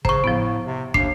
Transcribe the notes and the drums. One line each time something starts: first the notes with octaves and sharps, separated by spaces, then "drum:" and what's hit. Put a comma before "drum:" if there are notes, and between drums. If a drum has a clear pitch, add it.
C#3 C5 A#5 C#6, drum: kick
A2 F3 B3
C3
D#2 D4 C7, drum: kick